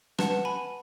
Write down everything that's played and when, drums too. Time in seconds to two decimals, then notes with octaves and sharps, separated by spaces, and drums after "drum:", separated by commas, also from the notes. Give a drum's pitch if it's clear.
0.19 B4 F#5 A5, drum: rim click
0.45 G#5 B5